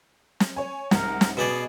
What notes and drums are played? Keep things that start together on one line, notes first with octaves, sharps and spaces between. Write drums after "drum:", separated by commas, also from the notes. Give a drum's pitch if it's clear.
drum: snare
C#5 G#5
C2 G#2 A#4 F#5, drum: snare
drum: snare
B2 B3 G#4 D5 D#5